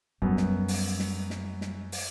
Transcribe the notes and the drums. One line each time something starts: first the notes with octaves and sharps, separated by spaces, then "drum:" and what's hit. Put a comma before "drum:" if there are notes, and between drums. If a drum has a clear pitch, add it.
F#2 G3 B3
drum: snare
drum: open hi-hat
drum: snare
drum: snare
drum: snare
drum: open hi-hat